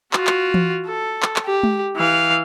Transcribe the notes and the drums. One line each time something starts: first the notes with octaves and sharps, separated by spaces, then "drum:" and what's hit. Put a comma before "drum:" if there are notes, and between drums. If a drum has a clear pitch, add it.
F4 F#4, drum: clap
drum: clap
drum: tom E3
A4
drum: clap
drum: clap
G4
drum: tom G#3
E3 F5